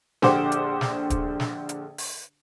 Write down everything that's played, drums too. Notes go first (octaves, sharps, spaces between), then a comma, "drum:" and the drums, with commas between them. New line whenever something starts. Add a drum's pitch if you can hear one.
A#1 D3 G4 C5 F#5 D6, drum: snare
drum: hi-hat
drum: snare
drum: kick, hi-hat
drum: snare
drum: hi-hat
drum: open hi-hat